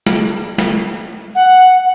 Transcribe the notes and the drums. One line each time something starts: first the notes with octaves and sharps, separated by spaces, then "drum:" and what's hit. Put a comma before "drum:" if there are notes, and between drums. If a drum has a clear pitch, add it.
drum: snare
drum: snare
F#5